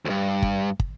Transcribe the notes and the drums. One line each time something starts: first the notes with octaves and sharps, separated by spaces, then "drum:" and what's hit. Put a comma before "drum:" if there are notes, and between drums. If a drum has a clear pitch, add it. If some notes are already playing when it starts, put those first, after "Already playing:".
D2 G2
drum: kick
drum: kick